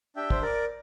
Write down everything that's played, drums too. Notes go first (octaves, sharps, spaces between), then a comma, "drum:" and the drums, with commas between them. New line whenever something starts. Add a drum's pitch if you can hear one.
D4 G4 E5 G5
C5, drum: kick
A#4 D5